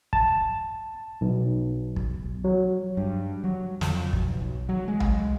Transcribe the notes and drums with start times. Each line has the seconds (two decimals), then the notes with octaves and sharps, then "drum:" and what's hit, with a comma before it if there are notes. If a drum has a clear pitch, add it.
0.13 A5, drum: kick
1.21 B1
1.96 drum: kick
2.44 F#3
2.97 G2
3.44 F#3
3.81 F2, drum: snare
4.13 B1, drum: kick
4.69 F#3
4.88 G#3
5.00 drum: tom C2